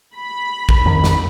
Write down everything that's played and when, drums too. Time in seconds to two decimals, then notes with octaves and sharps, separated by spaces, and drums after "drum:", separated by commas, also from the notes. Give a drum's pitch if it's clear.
0.16 B5
0.69 drum: kick
0.85 F2 D#3
1.04 drum: snare